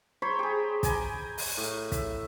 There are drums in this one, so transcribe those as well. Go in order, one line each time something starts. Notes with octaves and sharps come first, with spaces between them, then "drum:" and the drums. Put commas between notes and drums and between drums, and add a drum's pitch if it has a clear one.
C5 C#5 A#5 B5
G4 G#4
G5 G#5 A#5 B5, drum: kick, hi-hat
drum: open hi-hat
A2
E5, drum: kick, hi-hat